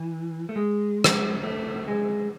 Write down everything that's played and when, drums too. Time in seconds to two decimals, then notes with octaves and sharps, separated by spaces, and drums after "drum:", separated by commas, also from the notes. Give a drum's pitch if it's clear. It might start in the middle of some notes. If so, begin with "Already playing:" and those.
Already playing: E3
0.49 A3
0.56 G#3
1.04 drum: rim click
1.43 A3
1.88 G#3